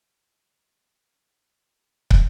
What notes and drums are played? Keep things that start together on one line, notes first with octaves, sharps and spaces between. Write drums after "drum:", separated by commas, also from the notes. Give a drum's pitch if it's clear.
D3 A#3 B3
drum: kick